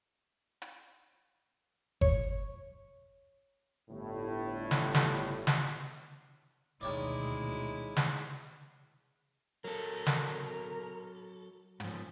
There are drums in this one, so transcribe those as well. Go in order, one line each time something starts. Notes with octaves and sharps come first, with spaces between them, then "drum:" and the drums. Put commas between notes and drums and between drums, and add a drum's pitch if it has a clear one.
drum: hi-hat
C#5, drum: kick G1
G1 A2
drum: snare
drum: snare
drum: snare
D2 B2 D#3 G#3 E4 C#5 D5
drum: snare
F#3 A4 A#4
drum: snare
G#2 F3, drum: hi-hat